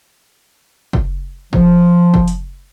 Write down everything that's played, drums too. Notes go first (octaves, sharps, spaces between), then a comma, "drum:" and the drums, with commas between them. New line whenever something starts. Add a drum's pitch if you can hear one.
drum: kick F#1
F3, drum: kick F#1
drum: kick F#1
drum: hi-hat